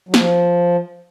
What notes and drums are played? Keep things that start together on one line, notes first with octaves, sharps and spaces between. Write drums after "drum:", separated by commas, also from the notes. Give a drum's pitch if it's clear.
F#3
F3, drum: snare